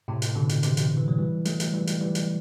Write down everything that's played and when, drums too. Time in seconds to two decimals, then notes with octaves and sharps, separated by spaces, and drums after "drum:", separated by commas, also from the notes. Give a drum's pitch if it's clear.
0.08 A2 C3
0.22 drum: hi-hat
0.35 B2 D3
0.49 drum: hi-hat
0.63 C3 E3, drum: hi-hat
0.77 drum: hi-hat
0.97 E3
1.08 F#3
1.18 E3 G3
1.45 F#3 A3, drum: hi-hat
1.60 drum: hi-hat
1.74 E3 G3
1.87 drum: hi-hat
2.01 E3 G3
2.15 drum: hi-hat